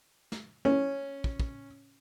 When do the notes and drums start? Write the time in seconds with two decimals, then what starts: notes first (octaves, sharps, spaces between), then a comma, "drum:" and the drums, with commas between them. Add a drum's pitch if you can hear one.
0.32 drum: snare
0.65 C#4
1.24 drum: kick
1.40 drum: kick